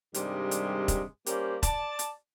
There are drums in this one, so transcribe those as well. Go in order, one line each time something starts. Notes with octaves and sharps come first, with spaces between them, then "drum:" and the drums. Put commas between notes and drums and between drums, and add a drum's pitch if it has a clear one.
G2 C3 D#3 G3 G#3, drum: hi-hat
drum: hi-hat
drum: kick E1, hi-hat
G3 A#3 C#4 G4 C5, drum: hi-hat
D5 A5, drum: kick E1, hi-hat
drum: hi-hat